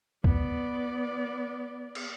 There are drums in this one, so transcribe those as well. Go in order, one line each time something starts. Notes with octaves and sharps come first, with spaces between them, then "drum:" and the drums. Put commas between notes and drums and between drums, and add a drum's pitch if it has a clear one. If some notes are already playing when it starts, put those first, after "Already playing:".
B3 D5, drum: kick
drum: cymbal